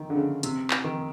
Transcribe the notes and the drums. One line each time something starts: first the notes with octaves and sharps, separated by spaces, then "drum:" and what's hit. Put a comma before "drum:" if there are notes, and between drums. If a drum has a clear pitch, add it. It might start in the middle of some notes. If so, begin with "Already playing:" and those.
Already playing: D#3
D3
C#3
C3, drum: hi-hat
drum: clap
D#3